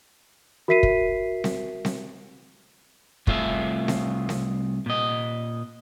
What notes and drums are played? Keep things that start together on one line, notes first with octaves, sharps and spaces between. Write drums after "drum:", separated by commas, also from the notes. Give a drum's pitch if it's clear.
F#4 A#4 E5 B6 C7 D#7
drum: kick
drum: snare C4
drum: snare C4
C2 A3 F4 G#4 E5, drum: kick
drum: snare C4
drum: snare C4
A#2 D#5